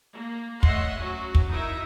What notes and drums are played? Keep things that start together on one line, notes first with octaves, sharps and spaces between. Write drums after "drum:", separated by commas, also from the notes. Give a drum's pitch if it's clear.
A#3
A3 C#5 D#5 E5 F#5 C6, drum: kick
F#3 C#4 F#4
drum: kick
D#4 E4 F#4 A#4 E5